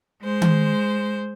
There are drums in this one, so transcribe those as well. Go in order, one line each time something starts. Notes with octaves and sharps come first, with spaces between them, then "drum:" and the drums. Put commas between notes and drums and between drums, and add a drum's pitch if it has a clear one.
G#3 C5
drum: tom D#3